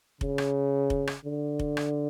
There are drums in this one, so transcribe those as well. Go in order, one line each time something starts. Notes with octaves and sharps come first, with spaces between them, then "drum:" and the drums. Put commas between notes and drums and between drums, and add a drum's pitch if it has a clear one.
C#3, drum: kick F1
drum: rim click
drum: kick F1
drum: rim click
D3
drum: kick F1
drum: rim click